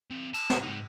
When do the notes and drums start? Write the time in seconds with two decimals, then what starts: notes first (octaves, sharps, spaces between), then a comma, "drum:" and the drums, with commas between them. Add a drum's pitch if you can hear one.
0.11 E3 C4
0.34 A5, drum: cymbal
0.50 drum: snare
0.63 G#2 D#4